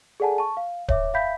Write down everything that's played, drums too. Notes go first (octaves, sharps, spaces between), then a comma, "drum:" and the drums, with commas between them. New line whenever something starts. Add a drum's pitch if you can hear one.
G#4 A4 D5 F#5 G#5 A5
A5 C#6
F5
C#5 E5 D6, drum: kick D1
E5 F5 G5 B5 G6 B6